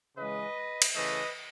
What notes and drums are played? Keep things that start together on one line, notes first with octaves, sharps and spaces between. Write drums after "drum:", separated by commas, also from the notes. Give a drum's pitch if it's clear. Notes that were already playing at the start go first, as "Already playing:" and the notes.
C#3 E3 G#3 B4 D#5
drum: cymbal
C#3 E3 A3 B4 D#5